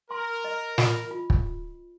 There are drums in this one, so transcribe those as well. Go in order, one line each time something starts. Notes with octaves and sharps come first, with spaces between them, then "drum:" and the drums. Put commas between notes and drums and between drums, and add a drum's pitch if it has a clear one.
A#4 C6
D#5
F4, drum: snare
F4
drum: kick